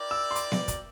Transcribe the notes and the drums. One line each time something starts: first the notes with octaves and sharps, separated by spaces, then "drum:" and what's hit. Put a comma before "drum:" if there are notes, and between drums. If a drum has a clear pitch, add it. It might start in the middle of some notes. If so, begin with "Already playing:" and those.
Already playing: E4 A#4 D5 G5
E6
C6
D6, drum: hi-hat
drum: snare B3
drum: kick, hi-hat